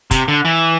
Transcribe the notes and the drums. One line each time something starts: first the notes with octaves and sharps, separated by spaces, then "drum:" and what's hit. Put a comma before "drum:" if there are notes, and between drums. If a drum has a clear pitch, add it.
C3, drum: kick, hi-hat
D3
E3